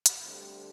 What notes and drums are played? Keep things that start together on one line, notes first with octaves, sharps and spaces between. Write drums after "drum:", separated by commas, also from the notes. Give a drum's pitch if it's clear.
drum: hi-hat
D2 D3 G3 C4